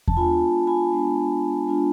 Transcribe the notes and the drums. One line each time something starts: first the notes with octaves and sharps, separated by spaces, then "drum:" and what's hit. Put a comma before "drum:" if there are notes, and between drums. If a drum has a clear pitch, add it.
A5, drum: kick E2
G#3 B3 D4 F4 G#5 B5
G#5 B5
G#3 B3 D4 F4
G#3 B3 D4 F4